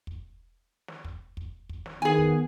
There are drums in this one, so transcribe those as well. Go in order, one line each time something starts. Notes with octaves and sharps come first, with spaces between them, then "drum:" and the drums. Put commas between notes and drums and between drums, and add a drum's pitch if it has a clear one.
drum: kick
drum: snare
drum: kick
drum: kick
drum: kick
drum: snare
D#3 B3 G#4 G#5
drum: kick